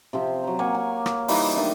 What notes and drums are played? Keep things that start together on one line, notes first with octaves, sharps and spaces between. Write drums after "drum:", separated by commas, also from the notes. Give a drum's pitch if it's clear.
C3 F3 C4
F#3 A#5
A#3 C#5 F#5 G#5
G#5
drum: rim click
E3 G3 D#4 F4, drum: open hi-hat
D#3 A3 D4